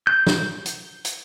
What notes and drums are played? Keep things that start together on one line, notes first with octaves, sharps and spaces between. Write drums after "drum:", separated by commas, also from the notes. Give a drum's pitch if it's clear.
G6
drum: snare
drum: hi-hat
drum: hi-hat